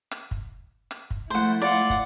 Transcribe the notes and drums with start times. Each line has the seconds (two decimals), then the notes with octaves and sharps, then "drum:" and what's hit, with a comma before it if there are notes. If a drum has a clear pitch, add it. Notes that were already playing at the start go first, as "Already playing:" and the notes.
0.11 drum: rim click
0.31 drum: kick
0.91 drum: rim click
1.11 drum: kick
1.30 F3 A3 E4 C5 F#5
1.62 F4 D5 F#5
1.90 drum: kick